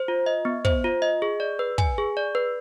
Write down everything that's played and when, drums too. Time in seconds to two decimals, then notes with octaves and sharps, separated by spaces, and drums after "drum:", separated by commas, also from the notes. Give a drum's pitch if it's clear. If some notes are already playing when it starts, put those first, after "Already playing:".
Already playing: C5
0.08 F4
0.26 D#5
0.45 B3
0.65 C5, drum: kick
0.84 F4
1.02 D#5
1.22 G#4
1.40 D5
1.59 B4
1.78 G#5, drum: kick
1.98 G#4
2.17 D5
2.35 B4